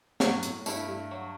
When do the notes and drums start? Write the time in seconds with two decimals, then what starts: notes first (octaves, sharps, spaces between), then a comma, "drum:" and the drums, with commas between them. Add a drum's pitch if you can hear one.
0.20 G2 F#3, drum: snare
0.33 B2
0.43 A2, drum: hi-hat
0.66 G2 A3 E4, drum: tambourine
0.88 G2
1.11 F#3